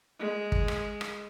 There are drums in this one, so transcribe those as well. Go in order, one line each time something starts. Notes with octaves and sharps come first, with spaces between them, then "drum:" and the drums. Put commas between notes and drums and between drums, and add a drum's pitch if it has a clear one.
G#3
drum: kick
drum: rim click
drum: rim click